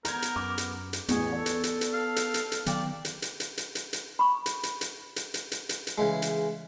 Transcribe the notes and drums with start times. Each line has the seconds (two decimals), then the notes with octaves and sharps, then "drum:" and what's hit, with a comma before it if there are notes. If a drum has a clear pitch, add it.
0.05 B3 A#4 A#5 G6 G#6, drum: hi-hat
0.22 drum: hi-hat
0.36 F#2 D6
0.58 drum: hi-hat
0.93 drum: hi-hat
1.09 A1 E2 B3 G#4 C#5, drum: hi-hat
1.32 A4 D5
1.46 drum: hi-hat
1.63 drum: hi-hat
1.81 drum: hi-hat
1.93 F5
2.16 drum: hi-hat
2.34 drum: hi-hat
2.52 drum: hi-hat
2.66 D#3 F#3 B3 D5 F5 G5, drum: hi-hat
3.05 drum: hi-hat
3.22 drum: hi-hat
3.40 drum: hi-hat
3.58 drum: hi-hat
3.75 drum: hi-hat
3.93 drum: hi-hat
4.19 B5 C#6
4.46 drum: hi-hat
4.63 drum: hi-hat
4.81 drum: hi-hat
5.16 drum: hi-hat
5.34 drum: hi-hat
5.52 drum: hi-hat
5.69 drum: hi-hat
5.87 drum: hi-hat
5.98 C#3 E3 G#3
6.22 drum: hi-hat